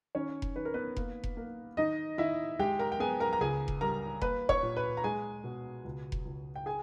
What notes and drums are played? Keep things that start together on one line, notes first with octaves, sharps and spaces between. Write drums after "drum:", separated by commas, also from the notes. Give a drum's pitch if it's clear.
D#3 C#4 C#5
drum: kick F1
D#3 B4
A#4
B3 B4
A#3, drum: kick F1
drum: kick F1
A#3
D#3 D#4 D#5
D#3 E4 E5
G#3 G4 G5
A#4 A#5
G5
B3 G#4 G#5
A#4 A#5
A#5
C#2 G#4 G#5
drum: kick F1
G3 A#4 A#5
A#3 B4 B5, drum: kick F1
C#5 C#6, drum: kick F1
A#2
B4 B5
A#5
G#3 G#4 G#5
B2
C#2
drum: kick F1
C#2
G5
G#4 G#5